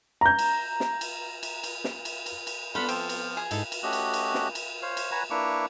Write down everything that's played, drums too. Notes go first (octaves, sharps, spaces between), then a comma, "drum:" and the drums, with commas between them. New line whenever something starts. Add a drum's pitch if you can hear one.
A#5 G6
drum: cymbal
drum: snare
drum: cymbal
drum: cymbal
drum: cymbal
drum: snare
drum: cymbal
drum: cymbal
drum: cymbal
B3 D4 F4 A4 F#5 B5
F3 C4, drum: cymbal
drum: cymbal
G#4
G#2 D#4 E4 A4, drum: cymbal
drum: cymbal
A3 C#4 F#4 G4 D#5 F#6
drum: cymbal
drum: cymbal
drum: snare
drum: cymbal
C5 C#5 F5
drum: cymbal
B4 C#5 F#5 G#5 A#5
A#3 D4 E4 B4 C#6 D6